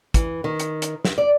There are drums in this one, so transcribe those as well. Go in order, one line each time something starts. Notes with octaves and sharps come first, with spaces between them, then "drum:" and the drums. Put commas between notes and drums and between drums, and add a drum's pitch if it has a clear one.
E3, drum: kick, hi-hat
D#3
drum: hi-hat
drum: hi-hat
drum: snare
D5